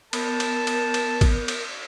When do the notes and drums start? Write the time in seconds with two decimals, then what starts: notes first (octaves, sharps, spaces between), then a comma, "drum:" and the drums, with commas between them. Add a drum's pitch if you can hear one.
0.13 B3 A#4 A5, drum: cymbal
0.40 drum: cymbal
0.67 drum: cymbal
0.94 drum: cymbal
1.21 drum: kick, cymbal
1.48 drum: cymbal